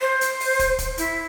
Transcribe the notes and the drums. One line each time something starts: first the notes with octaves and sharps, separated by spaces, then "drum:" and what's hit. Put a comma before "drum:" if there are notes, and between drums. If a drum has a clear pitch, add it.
C5
drum: hi-hat
drum: open hi-hat
drum: kick, hi-hat
drum: kick, hi-hat
E4, drum: hi-hat